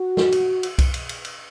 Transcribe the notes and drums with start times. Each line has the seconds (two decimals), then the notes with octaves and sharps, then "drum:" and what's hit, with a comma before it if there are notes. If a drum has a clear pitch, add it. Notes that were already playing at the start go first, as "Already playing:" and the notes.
Already playing: F#4
0.17 drum: snare
0.32 drum: cymbal
0.63 drum: cymbal
0.78 drum: kick C2, cymbal
0.94 drum: cymbal
1.09 drum: cymbal
1.25 drum: cymbal